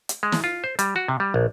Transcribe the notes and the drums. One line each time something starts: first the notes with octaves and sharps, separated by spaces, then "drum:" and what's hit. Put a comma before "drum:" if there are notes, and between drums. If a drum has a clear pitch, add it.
drum: hi-hat
G#3
drum: snare
F4
C5
G3, drum: hi-hat
F#4
C3
G3
A#1